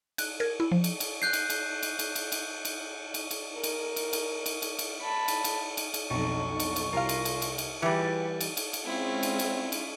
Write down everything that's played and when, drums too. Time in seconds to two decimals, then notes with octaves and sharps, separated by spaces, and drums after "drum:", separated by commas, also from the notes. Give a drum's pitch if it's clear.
0.18 F#6, drum: cymbal
0.40 A#4 G#6
0.60 E4
0.72 F3
0.84 drum: cymbal
1.00 drum: cymbal
1.22 F#6 G6 C7
1.33 drum: cymbal
1.50 drum: cymbal
1.83 drum: cymbal
1.99 drum: cymbal
2.15 drum: cymbal
2.32 drum: cymbal
2.65 drum: cymbal
3.14 drum: cymbal
3.31 drum: cymbal
3.54 A#4
3.64 drum: cymbal
3.96 drum: cymbal
4.13 drum: cymbal
4.46 drum: cymbal
4.62 drum: cymbal
4.79 drum: cymbal
5.01 A5 B5
5.28 drum: cymbal
5.44 drum: cymbal
5.77 drum: cymbal
5.94 drum: cymbal
6.10 B1 F2 D4 D#4 A4 C#6
6.60 drum: cymbal
6.76 drum: cymbal
6.93 C2 F4 A#4 F5
7.09 drum: cymbal
7.25 drum: cymbal
7.42 drum: cymbal
7.58 drum: cymbal
7.82 E3 G3 F4 G4 G#4 B4
8.01 A6
8.41 drum: cymbal
8.57 drum: cymbal
8.73 drum: cymbal
8.86 G#3 C4 C#4 E4 F4
9.23 drum: cymbal
9.39 drum: cymbal
9.72 drum: cymbal